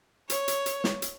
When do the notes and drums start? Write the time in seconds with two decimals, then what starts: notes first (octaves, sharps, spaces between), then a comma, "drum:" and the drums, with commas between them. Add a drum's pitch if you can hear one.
0.30 C#5, drum: hi-hat
0.48 drum: hi-hat
0.66 drum: hi-hat
0.84 drum: snare
1.02 drum: hi-hat